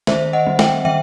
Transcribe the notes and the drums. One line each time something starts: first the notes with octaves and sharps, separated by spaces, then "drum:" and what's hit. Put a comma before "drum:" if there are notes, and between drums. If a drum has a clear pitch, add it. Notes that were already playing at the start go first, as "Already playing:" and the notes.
D#3 C5 E5, drum: snare
D#5 F#5
G3 C4
E5 G5, drum: snare
D#3 E5 G5